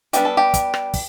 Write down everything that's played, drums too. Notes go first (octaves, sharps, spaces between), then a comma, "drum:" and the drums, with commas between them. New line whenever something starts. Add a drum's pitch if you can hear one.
G3 B3 D4 G4, drum: hi-hat
A4
G4
drum: kick, hi-hat
drum: rim click
drum: kick, open hi-hat